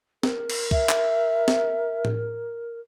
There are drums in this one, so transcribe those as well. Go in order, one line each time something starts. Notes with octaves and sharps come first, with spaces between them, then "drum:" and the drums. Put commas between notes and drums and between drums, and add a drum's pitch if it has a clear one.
A#4, drum: snare
drum: cymbal
E5, drum: kick
drum: clap
drum: snare
drum: tom A2